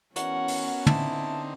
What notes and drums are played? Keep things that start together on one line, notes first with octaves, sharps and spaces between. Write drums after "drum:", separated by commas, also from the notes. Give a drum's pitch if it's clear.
E3 B3 C#4 F#4 A#4 C#5 F#5, drum: hi-hat
drum: open hi-hat
D3 C4 D#4 E4 A5, drum: tom